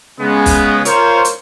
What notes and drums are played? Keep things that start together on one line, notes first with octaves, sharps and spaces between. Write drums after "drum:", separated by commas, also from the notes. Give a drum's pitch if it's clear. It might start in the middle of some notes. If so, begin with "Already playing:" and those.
C#3 G#3 B3
drum: kick, open hi-hat
F4 A#4 C5 C#5, drum: hi-hat
drum: hi-hat